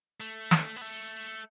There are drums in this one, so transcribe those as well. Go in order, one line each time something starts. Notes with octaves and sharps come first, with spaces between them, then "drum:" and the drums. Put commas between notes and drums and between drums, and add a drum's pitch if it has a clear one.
A3
drum: snare
B3
A3